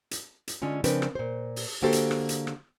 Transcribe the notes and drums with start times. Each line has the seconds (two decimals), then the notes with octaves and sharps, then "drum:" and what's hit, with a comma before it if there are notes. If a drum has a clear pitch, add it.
0.11 drum: hi-hat
0.48 drum: hi-hat
0.62 D3 G#3 C#4 F4
0.84 C#3 F3 C4 D4 A#4 B4, drum: hi-hat
1.02 drum: rim click
1.15 A#2 C5
1.56 drum: open hi-hat
1.82 D3 A#3 F#4 G4 A4 C5
1.93 drum: hi-hat
2.11 drum: rim click
2.29 drum: hi-hat
2.47 drum: rim click